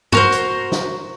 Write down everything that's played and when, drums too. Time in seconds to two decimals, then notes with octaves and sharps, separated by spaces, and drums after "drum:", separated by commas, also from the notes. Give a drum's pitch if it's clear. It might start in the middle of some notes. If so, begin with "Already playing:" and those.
0.12 F#4 A#4 C5, drum: tom G2
0.32 drum: hi-hat
0.72 drum: snare